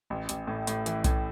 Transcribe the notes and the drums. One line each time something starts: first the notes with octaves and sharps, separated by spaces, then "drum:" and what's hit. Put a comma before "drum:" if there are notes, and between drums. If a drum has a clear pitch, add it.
A1
A1, drum: hi-hat
A2
A2, drum: hi-hat
E3, drum: hi-hat
A2, drum: kick B1, hi-hat